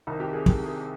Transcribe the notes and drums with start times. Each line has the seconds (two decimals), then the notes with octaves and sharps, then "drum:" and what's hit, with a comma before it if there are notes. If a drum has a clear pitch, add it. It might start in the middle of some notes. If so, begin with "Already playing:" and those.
0.07 C2 C3 D#3 D#4
0.20 G4
0.33 G#4
0.46 G4, drum: kick
0.66 G#4